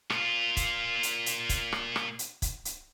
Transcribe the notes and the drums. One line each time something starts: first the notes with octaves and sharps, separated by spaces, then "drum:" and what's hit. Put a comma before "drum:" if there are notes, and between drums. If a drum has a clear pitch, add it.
A#2 F4, drum: rim click
drum: kick, hi-hat
drum: hi-hat
drum: hi-hat
drum: kick, hi-hat
drum: rim click
drum: rim click
drum: hi-hat
drum: kick, hi-hat
drum: hi-hat